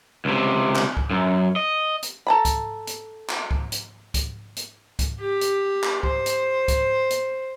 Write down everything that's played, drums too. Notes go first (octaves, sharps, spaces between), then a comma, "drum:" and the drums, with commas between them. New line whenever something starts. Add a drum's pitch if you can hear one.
C#2 C3
drum: clap
drum: kick
F#2
D#5
drum: hi-hat
A4 A#5 B5
drum: kick, hi-hat
drum: hi-hat
drum: clap
drum: kick
drum: hi-hat
drum: kick, hi-hat
drum: hi-hat
drum: kick, hi-hat
G4
drum: hi-hat
drum: clap
C5, drum: kick
drum: hi-hat
drum: kick, hi-hat
drum: hi-hat